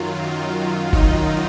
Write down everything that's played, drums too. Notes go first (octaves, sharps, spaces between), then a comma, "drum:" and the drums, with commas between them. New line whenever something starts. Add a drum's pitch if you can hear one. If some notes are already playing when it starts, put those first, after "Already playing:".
Already playing: F#2 D#3 F#3 F4
D#4, drum: kick F#1